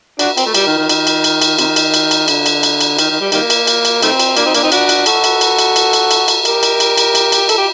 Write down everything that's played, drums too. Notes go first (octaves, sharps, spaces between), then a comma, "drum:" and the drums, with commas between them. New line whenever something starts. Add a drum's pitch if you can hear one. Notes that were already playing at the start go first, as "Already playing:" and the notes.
D4 F#4, drum: cymbal
C4, drum: cymbal
A3
G3, drum: cymbal
D#3
D#3
D#3, drum: cymbal
drum: cymbal
drum: cymbal
drum: cymbal
C3 D#3, drum: cymbal
drum: cymbal
drum: cymbal
drum: cymbal
D3, drum: cymbal
drum: cymbal
drum: cymbal
drum: cymbal
D#3, drum: cymbal
D#3
G3
D#3 G3 A#3, drum: cymbal
drum: cymbal
drum: cymbal
drum: cymbal
D#3 A3 C4, drum: cymbal
drum: cymbal
A#3 D4, drum: cymbal
C4 D#4
A#3 D4, drum: cymbal
C4 D#4
D4 F#4, drum: cymbal
drum: cymbal
F#4 A4, drum: cymbal
drum: cymbal
drum: cymbal
drum: cymbal
drum: cymbal
drum: cymbal
drum: cymbal
drum: cymbal
G4 A#4, drum: cymbal
drum: cymbal
drum: cymbal
drum: cymbal
drum: cymbal
drum: cymbal
A4, drum: cymbal
G4